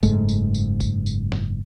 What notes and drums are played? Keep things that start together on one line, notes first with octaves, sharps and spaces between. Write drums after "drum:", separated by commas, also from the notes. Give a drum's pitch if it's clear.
F#1 G#2 A3, drum: kick F#1, tambourine
drum: tambourine
drum: tambourine
drum: kick F#1, tambourine
drum: tambourine
drum: snare